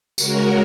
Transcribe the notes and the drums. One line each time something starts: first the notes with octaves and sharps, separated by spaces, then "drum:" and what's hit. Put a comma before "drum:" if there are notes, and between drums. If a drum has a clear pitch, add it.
C#3 G#3 C#4 F#4 A#4, drum: tambourine